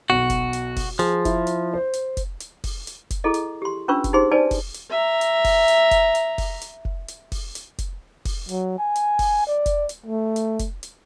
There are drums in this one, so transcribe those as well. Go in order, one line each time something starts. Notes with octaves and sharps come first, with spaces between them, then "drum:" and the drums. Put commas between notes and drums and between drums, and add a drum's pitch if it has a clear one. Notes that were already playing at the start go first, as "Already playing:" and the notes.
B1 F#4
drum: kick F1, hi-hat
drum: hi-hat
drum: kick F1, open hi-hat
F3 G#4, drum: hi-hat
E4, drum: kick F1, hi-hat
drum: hi-hat
C5
drum: hi-hat
drum: kick F1, hi-hat
drum: hi-hat
drum: kick F1, open hi-hat
drum: hi-hat
drum: kick F1, hi-hat
E4 G#4 A4 D#5
drum: hi-hat
G4 C6
C#4 D4 F4 B4 C#6 E6
drum: kick F1, hi-hat
D#4 G4 G#4 C5 C6
D#4 B4 C5 D5 G#5 A5
drum: kick F1, open hi-hat
drum: hi-hat
E5 A#5
drum: hi-hat
drum: kick F1, open hi-hat
drum: hi-hat
drum: kick F1, hi-hat
drum: hi-hat
drum: kick F1, open hi-hat
drum: hi-hat
drum: kick F1
drum: hi-hat
drum: kick F1, open hi-hat
drum: hi-hat
drum: kick F1, hi-hat
drum: kick F1, open hi-hat
F#3, drum: hi-hat
G#5
drum: hi-hat
drum: kick F1, open hi-hat
D5
drum: kick F1, hi-hat
drum: hi-hat
A3
drum: hi-hat
drum: kick F1, hi-hat
drum: hi-hat